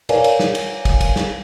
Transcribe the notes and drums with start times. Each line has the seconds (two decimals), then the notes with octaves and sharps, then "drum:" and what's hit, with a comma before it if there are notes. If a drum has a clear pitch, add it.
0.09 A#4 B4 C#5 D5 F5 G#5, drum: cymbal
0.24 drum: cymbal
0.40 drum: snare
0.55 drum: cymbal
0.85 drum: kick, cymbal
1.01 drum: kick, cymbal
1.16 drum: snare